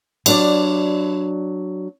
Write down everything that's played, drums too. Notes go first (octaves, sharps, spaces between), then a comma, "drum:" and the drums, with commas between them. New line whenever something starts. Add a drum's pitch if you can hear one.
F#3 D4 D5, drum: cymbal